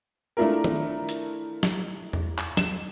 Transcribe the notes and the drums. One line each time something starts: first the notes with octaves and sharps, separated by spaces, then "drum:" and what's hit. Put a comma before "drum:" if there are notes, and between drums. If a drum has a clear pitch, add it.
A3 D4 E4 F4 A#4
drum: tom D#3
drum: hi-hat
drum: snare
drum: tom E2
drum: clap
E7, drum: snare